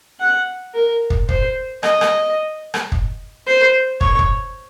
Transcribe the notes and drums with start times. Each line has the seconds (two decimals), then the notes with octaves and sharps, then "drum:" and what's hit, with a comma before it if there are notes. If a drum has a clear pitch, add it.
0.20 F#5
0.74 A#4
1.10 drum: kick
1.29 C5, drum: kick
1.83 D#5, drum: rim click
2.01 drum: rim click
2.74 drum: rim click
2.92 drum: kick
3.47 C5
4.01 C#5, drum: kick
4.19 drum: kick